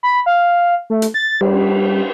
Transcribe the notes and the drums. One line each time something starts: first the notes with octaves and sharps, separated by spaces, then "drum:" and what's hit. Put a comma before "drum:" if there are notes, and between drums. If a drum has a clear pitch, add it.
B5
F5
A3
drum: hi-hat
A6
G3, drum: cymbal